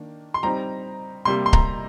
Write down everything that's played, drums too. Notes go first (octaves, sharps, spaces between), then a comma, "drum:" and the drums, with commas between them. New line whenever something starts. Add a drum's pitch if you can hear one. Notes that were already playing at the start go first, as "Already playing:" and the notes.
Already playing: D#3 A#3 D4
C6
G3 C4 D#4 A#5
C3 G3 A#3 C6
C6
A#5, drum: kick C#1